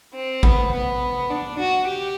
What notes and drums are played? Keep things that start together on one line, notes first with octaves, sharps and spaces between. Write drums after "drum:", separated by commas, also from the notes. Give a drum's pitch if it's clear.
C4
B3, drum: kick A1
B3
D4
F#4
G4